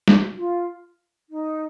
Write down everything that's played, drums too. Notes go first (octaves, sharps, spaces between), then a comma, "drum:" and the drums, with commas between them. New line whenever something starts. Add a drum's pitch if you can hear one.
drum: snare
F#4
F4
D#4